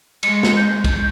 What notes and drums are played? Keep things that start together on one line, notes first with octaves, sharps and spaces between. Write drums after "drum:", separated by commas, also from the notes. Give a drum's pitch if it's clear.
G#3 C#7, drum: cymbal
drum: snare
G6
drum: kick, cymbal